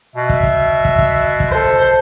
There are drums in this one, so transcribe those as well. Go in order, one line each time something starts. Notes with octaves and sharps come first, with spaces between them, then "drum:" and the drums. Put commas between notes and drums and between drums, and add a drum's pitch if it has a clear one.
B2 E5
drum: kick
drum: kick
drum: kick
drum: kick
drum: kick
A4 C5